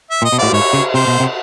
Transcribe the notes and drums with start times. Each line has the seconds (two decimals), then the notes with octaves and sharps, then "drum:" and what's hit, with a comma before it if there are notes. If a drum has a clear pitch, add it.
0.11 E5
0.22 A#2
0.25 D#5
0.32 B2
0.38 A2 D5, drum: cymbal
0.52 G#2 C#5
0.73 C#3
0.94 C3 C5
1.07 B2
1.20 C3